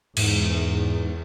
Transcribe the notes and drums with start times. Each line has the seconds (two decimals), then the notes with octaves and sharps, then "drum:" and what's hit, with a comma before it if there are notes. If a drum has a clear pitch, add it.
0.17 E2 G#2, drum: cymbal